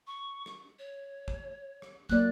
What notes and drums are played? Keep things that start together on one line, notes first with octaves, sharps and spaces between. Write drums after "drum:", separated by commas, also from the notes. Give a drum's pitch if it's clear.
C#6
drum: rim click
C#5
drum: kick
drum: rim click
F#3 A#3 D5 F#6, drum: kick